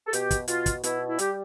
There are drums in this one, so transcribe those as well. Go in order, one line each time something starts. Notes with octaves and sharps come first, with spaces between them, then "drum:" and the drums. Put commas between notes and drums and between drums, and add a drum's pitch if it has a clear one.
A4
B2 G4, drum: hi-hat
drum: kick, hi-hat
B2 F4, drum: hi-hat
drum: kick, hi-hat
B2 E4, drum: hi-hat
E4
G3 G4, drum: hi-hat